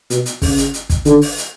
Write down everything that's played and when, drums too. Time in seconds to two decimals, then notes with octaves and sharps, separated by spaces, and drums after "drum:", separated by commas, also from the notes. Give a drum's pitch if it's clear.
0.10 B2, drum: hi-hat
0.26 drum: hi-hat
0.42 C#3, drum: kick, open hi-hat
0.58 drum: hi-hat
0.74 drum: hi-hat
0.90 drum: kick, hi-hat
1.05 D3, drum: hi-hat
1.22 drum: open hi-hat
1.38 drum: hi-hat